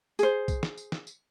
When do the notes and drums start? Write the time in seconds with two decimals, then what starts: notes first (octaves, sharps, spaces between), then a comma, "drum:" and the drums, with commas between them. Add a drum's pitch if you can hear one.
0.19 G#4 C5, drum: tambourine
0.48 drum: kick B1, tambourine
0.63 drum: snare
0.78 drum: tambourine
0.92 drum: snare
1.07 drum: tambourine